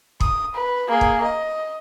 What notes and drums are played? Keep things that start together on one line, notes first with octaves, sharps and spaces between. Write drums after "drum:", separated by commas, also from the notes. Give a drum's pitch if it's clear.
D#6, drum: kick
B4
A#3 G#4
drum: kick
D#5